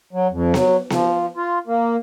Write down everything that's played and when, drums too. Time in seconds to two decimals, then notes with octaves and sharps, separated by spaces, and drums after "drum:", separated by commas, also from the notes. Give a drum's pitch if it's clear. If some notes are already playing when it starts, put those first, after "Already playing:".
0.13 F#3
0.31 F2
0.54 F#3, drum: snare B3
0.90 F3, drum: snare B3
1.37 F4
1.67 A#3